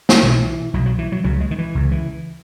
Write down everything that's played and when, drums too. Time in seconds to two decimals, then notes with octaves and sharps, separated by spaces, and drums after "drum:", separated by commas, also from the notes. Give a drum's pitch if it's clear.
0.09 drum: snare
0.23 B1 B2 E3
0.74 B1 B2 F#3
0.86 F#3
0.98 E3
1.12 F#3
1.24 C#2 C#3 F#3
1.41 G#3
1.51 D#3
1.59 E3
1.75 C#2 C#3
1.91 E3